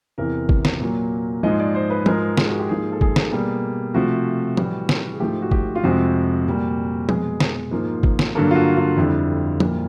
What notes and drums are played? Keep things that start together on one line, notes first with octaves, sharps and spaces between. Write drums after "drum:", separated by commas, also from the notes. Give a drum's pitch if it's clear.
E2 C3 E3 A#4
drum: kick
drum: snare
A#2 F#3 A#3
G#2 F3 G#3 D#5
D5
C5
B4
G#2 F3 G#3 A#4, drum: tom F3
G#4, drum: snare
F#4
G4
G#2 F3 A#3 G#4
A4
G#4, drum: kick
drum: snare
B2 G3 A#3
C3 F3 A3 F#4
A2 E3 G3, drum: tom F3
drum: snare
G#4
G#2 F3 A3 G4
F#4
G4, drum: kick
F4
F2 C3 F3 G#3 F#4
A#2 G3 A#3
B2 G#3 G#4, drum: tom F3
drum: snare
G#2 F3 A#3
drum: kick
drum: snare
G2 D3 F#3 A#3 A4
F4
F#4
F4
F2 D3 G3 E4
A#2 G3 A#3, drum: tom F3